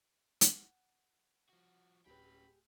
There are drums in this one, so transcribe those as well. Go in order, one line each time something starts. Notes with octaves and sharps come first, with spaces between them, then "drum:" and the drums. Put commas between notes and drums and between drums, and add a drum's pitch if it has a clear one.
F#5, drum: hi-hat
F3 F#4
D1 C#4 G4 G#4 B4 G5 B5